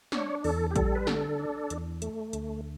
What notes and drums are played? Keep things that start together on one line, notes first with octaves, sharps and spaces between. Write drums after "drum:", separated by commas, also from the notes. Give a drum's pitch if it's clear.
D4 C#5, drum: snare
E2 A4, drum: open hi-hat
G4
G3 A4, drum: kick A#1, hi-hat
B4
D3 A4, drum: snare
D4
E2, drum: hi-hat
A3, drum: hi-hat
D2, drum: hi-hat